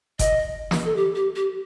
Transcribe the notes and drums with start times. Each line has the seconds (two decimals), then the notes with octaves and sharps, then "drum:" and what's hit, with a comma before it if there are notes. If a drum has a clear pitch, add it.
0.19 D#5, drum: kick G1, hi-hat
0.71 drum: snare
0.85 A4
0.96 G4
1.15 G4
1.36 G4